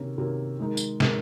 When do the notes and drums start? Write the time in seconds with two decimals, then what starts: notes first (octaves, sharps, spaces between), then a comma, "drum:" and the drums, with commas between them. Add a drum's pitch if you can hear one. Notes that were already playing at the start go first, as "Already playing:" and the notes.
Already playing: C3 D#3 A#3 C#4
0.18 C3 D#3 A#3 C#4
0.59 D#3 G#3 D#4 A#4
0.77 drum: tambourine
1.00 D#3 G#3 D#4 A#4, drum: snare